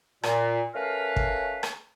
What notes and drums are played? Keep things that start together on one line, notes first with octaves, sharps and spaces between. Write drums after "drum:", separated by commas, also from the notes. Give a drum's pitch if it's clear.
A#2, drum: rim click
A3 C#4 A#4 B4 F5
drum: kick
drum: rim click